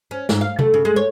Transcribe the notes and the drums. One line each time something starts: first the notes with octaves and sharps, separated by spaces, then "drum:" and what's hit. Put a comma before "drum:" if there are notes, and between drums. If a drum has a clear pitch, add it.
C#4
G#2, drum: snare
F5
A3, drum: tom C3
C#3
G#3
C#5